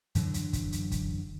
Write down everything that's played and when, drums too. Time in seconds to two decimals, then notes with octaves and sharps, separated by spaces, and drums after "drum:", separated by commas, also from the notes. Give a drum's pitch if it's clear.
0.15 F#2 D3 E3 F#3, drum: hi-hat
0.34 drum: hi-hat
0.53 drum: kick, hi-hat
0.72 drum: hi-hat
0.92 drum: kick, hi-hat